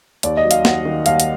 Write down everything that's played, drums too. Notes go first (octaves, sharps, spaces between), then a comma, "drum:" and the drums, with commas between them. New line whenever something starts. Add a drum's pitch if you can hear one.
D#2 D5, drum: hi-hat
D#5
F#3
F5, drum: hi-hat
D#2 F#5, drum: snare
D#3
D#2 F5, drum: hi-hat
drum: hi-hat